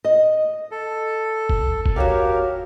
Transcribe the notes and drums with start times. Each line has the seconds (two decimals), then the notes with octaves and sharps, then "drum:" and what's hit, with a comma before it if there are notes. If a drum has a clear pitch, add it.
0.05 D#5
0.71 A4
1.49 drum: kick
1.86 drum: kick
1.96 F#4 G4 A#4 C#5 F5